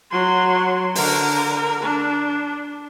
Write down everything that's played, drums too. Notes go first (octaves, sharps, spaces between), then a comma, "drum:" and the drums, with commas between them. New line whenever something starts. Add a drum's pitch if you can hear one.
F#3 C6
D3 A#4, drum: open hi-hat
D4